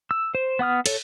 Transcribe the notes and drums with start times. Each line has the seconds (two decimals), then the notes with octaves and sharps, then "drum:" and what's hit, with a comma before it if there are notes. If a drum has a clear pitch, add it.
0.11 E6
0.35 C5
0.59 B3 F#5 D#6 F6
0.86 A4 C#5, drum: cymbal